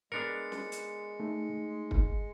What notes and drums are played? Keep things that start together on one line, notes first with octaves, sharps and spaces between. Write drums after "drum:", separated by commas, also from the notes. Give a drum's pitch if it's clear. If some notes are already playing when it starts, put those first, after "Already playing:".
G#3 B3 D4 A#4 C#7
drum: snare
drum: hi-hat
A3 D#4
drum: kick